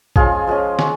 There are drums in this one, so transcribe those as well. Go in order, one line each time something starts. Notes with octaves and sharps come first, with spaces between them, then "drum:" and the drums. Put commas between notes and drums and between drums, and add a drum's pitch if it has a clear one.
F3 G#3 C#4 F4 G#4, drum: kick
F3 G#3 C#4
G#3 C#4, drum: snare